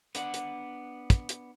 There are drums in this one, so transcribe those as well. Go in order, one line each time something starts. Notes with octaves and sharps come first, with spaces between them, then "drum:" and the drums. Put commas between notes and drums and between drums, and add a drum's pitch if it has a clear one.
B3 D4 F#5, drum: hi-hat
drum: hi-hat
drum: kick, hi-hat
drum: hi-hat